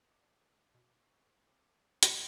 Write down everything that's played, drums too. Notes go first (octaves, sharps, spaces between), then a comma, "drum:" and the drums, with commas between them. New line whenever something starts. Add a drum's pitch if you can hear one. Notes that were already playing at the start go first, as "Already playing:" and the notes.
D4 D#5
B2 E5 B5
C6 C#6
C5
A3 C4 D6
drum: hi-hat